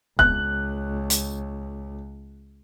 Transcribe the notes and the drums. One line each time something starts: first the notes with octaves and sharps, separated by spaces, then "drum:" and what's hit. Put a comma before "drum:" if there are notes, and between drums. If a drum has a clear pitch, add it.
C#2 F#6, drum: kick
drum: hi-hat